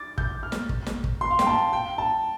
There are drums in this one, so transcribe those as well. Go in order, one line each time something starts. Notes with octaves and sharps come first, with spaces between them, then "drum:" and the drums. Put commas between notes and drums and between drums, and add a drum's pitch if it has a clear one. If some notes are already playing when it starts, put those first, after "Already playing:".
Already playing: D6 A6
G6, drum: kick
F6
drum: snare
drum: kick
drum: snare
drum: kick
C6
F5
G5, drum: snare
A5
G5
A5